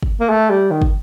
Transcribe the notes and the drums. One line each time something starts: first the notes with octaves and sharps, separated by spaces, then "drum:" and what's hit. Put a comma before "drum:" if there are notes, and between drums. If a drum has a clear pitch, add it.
drum: kick
A#3
A3
G3
D#3
drum: kick